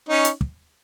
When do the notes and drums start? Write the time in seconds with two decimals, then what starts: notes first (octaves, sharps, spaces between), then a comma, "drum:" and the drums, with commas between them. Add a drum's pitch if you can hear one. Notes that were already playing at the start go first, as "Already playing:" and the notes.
0.09 C#4 D#4
0.25 drum: hi-hat
0.41 drum: kick